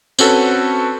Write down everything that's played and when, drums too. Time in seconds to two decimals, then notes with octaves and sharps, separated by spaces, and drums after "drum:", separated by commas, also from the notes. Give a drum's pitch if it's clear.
0.19 C4 C#4 F#4 A4 B4, drum: tambourine